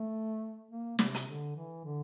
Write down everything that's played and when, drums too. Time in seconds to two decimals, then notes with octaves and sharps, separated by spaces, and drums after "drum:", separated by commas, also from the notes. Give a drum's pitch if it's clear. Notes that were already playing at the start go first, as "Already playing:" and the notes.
Already playing: A3
0.71 A#3
0.99 C3, drum: snare
1.14 drum: hi-hat
1.27 D3
1.56 E3
1.85 D3